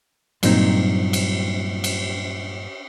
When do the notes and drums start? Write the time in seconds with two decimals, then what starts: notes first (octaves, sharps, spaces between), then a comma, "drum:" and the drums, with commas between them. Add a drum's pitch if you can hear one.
0.43 G2 A#2 F#3 C4 D#4, drum: cymbal
1.13 drum: cymbal
1.84 drum: cymbal